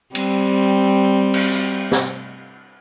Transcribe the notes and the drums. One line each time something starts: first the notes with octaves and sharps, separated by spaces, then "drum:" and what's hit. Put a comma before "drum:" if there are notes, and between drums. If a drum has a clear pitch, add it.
G3 C4, drum: cymbal
drum: cymbal
drum: snare